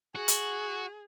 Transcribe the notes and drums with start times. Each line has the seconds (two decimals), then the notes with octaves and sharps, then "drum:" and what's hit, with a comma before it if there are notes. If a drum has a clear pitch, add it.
0.15 F#4 G#4
0.28 drum: hi-hat